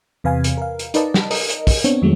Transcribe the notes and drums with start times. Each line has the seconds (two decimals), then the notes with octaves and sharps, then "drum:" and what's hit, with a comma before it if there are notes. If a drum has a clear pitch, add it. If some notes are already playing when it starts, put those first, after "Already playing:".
0.24 E2 C3 B4 F5 G#5
0.44 drum: hi-hat
0.57 A#4 F5
0.79 drum: hi-hat
0.94 D#4 A#4 B4 D5 D#5 A5, drum: hi-hat
1.14 drum: snare
1.31 A#4 D#5, drum: open hi-hat
1.49 drum: hi-hat
1.67 drum: kick, open hi-hat
1.84 B3 C4 D4 C#5, drum: hi-hat
2.02 F2 D#3 F#3 G#3 A3